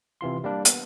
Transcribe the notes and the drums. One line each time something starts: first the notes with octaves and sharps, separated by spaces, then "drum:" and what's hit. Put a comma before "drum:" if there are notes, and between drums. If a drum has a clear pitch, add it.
C3 E3 F4 C6
G3 A#3 D4
B3, drum: hi-hat